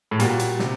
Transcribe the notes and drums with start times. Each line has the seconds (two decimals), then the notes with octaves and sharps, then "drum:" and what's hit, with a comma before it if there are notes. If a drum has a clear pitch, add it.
0.11 A2
0.20 A#2 G3 A#3 F#4, drum: hi-hat
0.39 drum: hi-hat
0.59 C3 G3, drum: snare